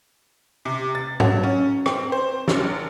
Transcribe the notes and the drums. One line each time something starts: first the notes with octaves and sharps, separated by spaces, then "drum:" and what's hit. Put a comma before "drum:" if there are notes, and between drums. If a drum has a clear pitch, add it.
C3
A6
F#3, drum: tom
C#4
C4, drum: rim click
C5
F#1, drum: snare